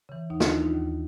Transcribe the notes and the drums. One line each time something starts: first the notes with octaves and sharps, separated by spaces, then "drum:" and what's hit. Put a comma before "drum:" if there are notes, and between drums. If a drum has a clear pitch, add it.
C#3 E3
D#2 D#4
D4 E4, drum: snare
D#3 D#4 F4
D#4
D#2